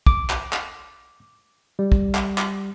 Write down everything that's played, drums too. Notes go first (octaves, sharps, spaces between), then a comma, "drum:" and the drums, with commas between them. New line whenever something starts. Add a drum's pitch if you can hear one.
D6, drum: kick
drum: clap
drum: clap
G3
drum: kick
drum: clap
drum: clap